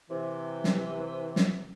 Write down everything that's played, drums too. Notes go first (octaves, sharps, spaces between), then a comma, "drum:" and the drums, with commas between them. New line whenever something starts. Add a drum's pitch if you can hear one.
C3 E3
drum: snare
drum: snare